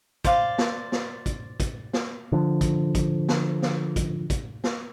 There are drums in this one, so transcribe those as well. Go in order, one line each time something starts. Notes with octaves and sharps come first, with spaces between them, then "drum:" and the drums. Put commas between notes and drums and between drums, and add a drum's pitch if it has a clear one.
C5 D5 F5, drum: kick, hi-hat
drum: snare
drum: snare
drum: kick, hi-hat
drum: kick, hi-hat
drum: snare
D3 F3
drum: kick, hi-hat
drum: kick, hi-hat
drum: snare
drum: snare
drum: kick, hi-hat
drum: kick, hi-hat
drum: snare